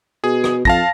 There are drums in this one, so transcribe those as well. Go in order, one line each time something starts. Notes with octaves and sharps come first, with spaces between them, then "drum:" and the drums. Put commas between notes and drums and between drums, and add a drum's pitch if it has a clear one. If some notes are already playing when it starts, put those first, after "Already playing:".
B2 G#4
drum: rim click
F2 F5 A5 A#6, drum: kick